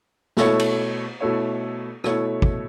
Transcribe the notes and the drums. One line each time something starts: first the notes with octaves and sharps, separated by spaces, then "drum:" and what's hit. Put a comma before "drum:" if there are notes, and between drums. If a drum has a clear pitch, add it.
B2 A3 E4 A4 C#5, drum: snare
drum: cymbal
B2 A3 E4 A4 C#5
B2 A3 E4 A4 C#5, drum: rim click
drum: kick